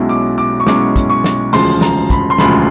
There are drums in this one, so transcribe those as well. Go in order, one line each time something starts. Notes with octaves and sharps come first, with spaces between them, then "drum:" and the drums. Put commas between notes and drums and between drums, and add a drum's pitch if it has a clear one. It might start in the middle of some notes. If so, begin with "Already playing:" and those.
Already playing: B1 B2 G#3 C#4 E4
D6
D6
C#6
B1 B2 G#3 C#4 E4 D6, drum: snare
drum: kick, hi-hat
C#6
drum: snare
E1 D2 C#3 F3 G#3 C6, drum: open hi-hat
A#5, drum: snare
B5, drum: kick, hi-hat
C6
E1 D2 C#3 F3 G#3 B5, drum: snare